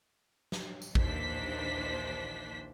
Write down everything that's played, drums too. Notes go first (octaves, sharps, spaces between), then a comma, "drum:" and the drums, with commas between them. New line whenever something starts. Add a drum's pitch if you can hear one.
drum: snare
drum: tambourine
A#1 D#2 E3 D4 C5 B6, drum: kick A1